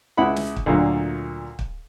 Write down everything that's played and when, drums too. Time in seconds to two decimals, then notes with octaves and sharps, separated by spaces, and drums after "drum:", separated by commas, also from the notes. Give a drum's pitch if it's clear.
0.17 C#2 E4 F#5 B5
0.36 drum: snare
0.57 drum: kick
0.66 D2 A#2 D3 F#3
1.59 drum: kick